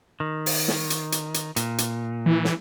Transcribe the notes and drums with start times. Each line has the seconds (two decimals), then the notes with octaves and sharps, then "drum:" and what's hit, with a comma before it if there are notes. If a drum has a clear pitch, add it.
0.20 D#3
0.46 drum: open hi-hat
0.68 drum: snare
0.90 drum: hi-hat
1.12 drum: hi-hat
1.34 drum: hi-hat
1.56 A#2, drum: hi-hat
1.78 drum: hi-hat
2.26 E3
2.45 drum: snare